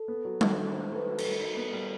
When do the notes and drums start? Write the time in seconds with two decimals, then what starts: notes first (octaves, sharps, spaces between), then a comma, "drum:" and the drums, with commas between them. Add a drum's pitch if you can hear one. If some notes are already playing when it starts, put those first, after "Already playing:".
Already playing: A4
0.08 B3
0.25 F#3
0.41 D#3, drum: tom G3
0.58 E4
0.74 D#4 C5
0.91 A3
0.96 B4
1.07 F#3
1.18 F#4 A4, drum: cymbal
1.40 D#4
1.57 B3
1.73 G3